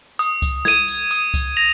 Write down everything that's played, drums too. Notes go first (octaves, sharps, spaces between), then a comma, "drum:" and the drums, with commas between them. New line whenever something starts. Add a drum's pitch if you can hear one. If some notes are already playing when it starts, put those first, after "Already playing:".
D#6, drum: tambourine
drum: kick C2, tambourine
G#6 D#7, drum: snare
drum: tambourine
D#6, drum: tambourine
drum: kick C2, tambourine
A#6 F7